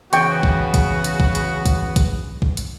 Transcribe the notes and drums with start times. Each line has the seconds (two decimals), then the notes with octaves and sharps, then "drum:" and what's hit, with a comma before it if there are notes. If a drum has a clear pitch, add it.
0.13 E2 C#3 B3 F#4 G5 C#6, drum: hi-hat
0.43 drum: kick C2
0.74 drum: kick C2, hi-hat
1.04 drum: hi-hat
1.20 drum: kick C2
1.35 drum: hi-hat
1.66 drum: kick C2, hi-hat
1.96 drum: kick C2, hi-hat
2.42 drum: kick C2
2.57 drum: hi-hat